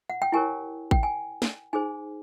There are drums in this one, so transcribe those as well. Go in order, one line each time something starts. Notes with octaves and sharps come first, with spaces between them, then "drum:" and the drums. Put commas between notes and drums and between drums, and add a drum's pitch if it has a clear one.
F#5
G5
E4 G4 A#4 C#5 G#5
G5, drum: kick A1
G#5
drum: snare
D#4 G#4 C5 G#5